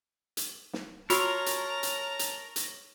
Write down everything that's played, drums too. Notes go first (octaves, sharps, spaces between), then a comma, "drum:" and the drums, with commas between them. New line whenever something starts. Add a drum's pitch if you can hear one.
drum: hi-hat
drum: snare
F4 F#4 A#4 C#5 A5 A#5 C6 E6, drum: hi-hat
drum: hi-hat
drum: hi-hat
drum: hi-hat
drum: hi-hat